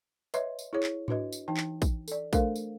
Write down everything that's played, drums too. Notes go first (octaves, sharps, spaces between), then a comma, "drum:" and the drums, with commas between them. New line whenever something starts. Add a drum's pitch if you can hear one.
B4 C#5 D#5 E5 C6, drum: tambourine
drum: tambourine
E4 G#4 C#5
drum: clap
D4 F#4 B4 D#5, drum: tom G#2
drum: tambourine
E3 D#4 G5 A5
drum: clap
drum: kick, tambourine
A4 D5, drum: tambourine
A3 D4 A4 A#4 C5 F5, drum: kick, tambourine
drum: tambourine